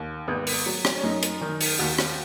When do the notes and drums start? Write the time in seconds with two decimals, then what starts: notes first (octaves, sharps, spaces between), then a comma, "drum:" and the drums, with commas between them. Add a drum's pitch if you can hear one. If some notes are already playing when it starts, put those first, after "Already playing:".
Already playing: D#2
0.28 G#1 B3
0.47 drum: open hi-hat
0.66 F#3
0.85 drum: rim click
0.98 C#4
1.03 F#2 D#4
1.23 drum: hi-hat
1.41 D#3
1.61 drum: open hi-hat
1.79 D#2 F#4
1.98 drum: rim click